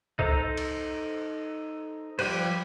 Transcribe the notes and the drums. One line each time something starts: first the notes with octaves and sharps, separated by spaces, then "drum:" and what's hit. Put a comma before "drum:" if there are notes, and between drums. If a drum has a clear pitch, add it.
D#4 A4 C5 A#5, drum: kick
drum: cymbal
F3 G3 G4 B4 C5, drum: cymbal